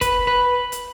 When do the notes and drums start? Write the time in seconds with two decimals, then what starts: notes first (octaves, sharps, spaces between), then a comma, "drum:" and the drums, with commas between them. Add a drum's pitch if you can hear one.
0.01 B4, drum: kick, hi-hat
0.27 B4
0.72 drum: hi-hat